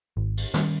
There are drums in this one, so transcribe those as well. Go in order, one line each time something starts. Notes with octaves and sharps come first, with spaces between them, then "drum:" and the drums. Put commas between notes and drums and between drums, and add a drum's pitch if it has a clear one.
G#1
drum: cymbal
D#3 G3 C#4, drum: snare